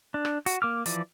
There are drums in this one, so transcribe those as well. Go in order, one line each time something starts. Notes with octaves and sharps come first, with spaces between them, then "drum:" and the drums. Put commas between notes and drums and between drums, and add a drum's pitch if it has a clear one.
D4
drum: rim click
F#4, drum: hi-hat
A#3 D6 F6
E3 F3 D5, drum: hi-hat